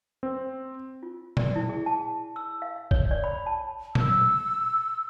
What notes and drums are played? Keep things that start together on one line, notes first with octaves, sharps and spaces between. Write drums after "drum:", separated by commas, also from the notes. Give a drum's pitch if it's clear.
C4
F4
D5, drum: tom A#2
E4
G#4
A5
E6
F5
C#5, drum: kick
D5
B5
A5
E6, drum: tom A#2